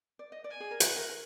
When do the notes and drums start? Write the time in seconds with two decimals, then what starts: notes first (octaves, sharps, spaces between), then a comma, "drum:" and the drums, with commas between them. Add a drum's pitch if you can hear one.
0.19 D5
0.32 D#5
0.44 D5
0.50 G#5
0.60 G#4
0.71 A#4
0.80 B4 F#5, drum: hi-hat
0.96 A#4